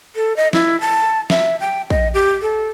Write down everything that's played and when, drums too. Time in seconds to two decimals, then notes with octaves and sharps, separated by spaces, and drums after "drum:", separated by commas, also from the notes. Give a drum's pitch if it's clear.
0.16 A4
0.37 D#5
0.53 E4, drum: snare
0.81 A5
1.30 E5, drum: snare
1.60 G5
1.90 D#5, drum: kick A#1
2.14 G4
2.42 A4